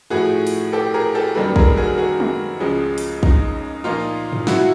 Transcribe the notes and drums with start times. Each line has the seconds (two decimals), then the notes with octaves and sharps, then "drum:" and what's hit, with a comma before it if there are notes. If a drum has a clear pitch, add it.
0.10 A2 F3 A3 F#4 G#4
0.47 drum: open hi-hat
0.73 G4 A4
0.94 G#4 A#4
1.14 G4 A4
1.35 F#2 D#3 G3 A#3 A4 B4
1.56 G#4 A#4, drum: kick
1.76 F#4 G#4
1.98 F#4 G#4
2.20 drum: tom
2.60 C#2 C#3 F3 G#3
2.98 drum: open hi-hat
3.23 D#4, drum: kick
3.84 A#2 F3 A#3 D#4 F4
4.32 drum: tom G#2
4.47 E4 F#4, drum: snare
4.58 F#4